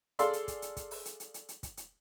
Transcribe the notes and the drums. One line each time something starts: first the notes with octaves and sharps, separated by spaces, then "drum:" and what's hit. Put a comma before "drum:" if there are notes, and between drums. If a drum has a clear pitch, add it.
G#4 A4 D5 F5 C6 E6, drum: hi-hat
drum: hi-hat
drum: kick, hi-hat
drum: hi-hat
drum: kick, hi-hat
drum: open hi-hat
drum: hi-hat
drum: hi-hat
drum: hi-hat
drum: hi-hat
drum: kick, hi-hat
drum: hi-hat